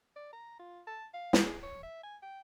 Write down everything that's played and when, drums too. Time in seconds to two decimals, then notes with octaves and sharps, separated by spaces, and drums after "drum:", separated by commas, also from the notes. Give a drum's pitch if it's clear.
0.16 D5
0.33 A#5
0.60 F4
0.87 A5
1.14 F5
1.33 drum: snare
1.46 G#4
1.63 C#5
1.83 E5
2.03 G#5
2.23 G5